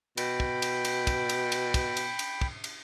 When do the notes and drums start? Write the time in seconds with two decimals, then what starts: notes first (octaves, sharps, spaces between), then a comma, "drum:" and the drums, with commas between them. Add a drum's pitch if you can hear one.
0.17 B2 G5 B5, drum: cymbal
0.40 drum: kick
0.62 drum: cymbal
0.85 drum: cymbal
1.07 drum: kick, cymbal
1.29 drum: cymbal
1.52 drum: cymbal
1.74 drum: kick, cymbal
1.97 drum: cymbal
2.19 drum: cymbal
2.41 drum: kick
2.64 drum: cymbal